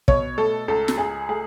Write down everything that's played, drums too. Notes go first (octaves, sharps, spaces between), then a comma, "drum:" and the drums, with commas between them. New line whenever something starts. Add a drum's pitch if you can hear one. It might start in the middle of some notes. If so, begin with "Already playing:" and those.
B2 C#5, drum: kick
A3 A4
C#2 A4
drum: snare
C#2 G#4
A3 G#4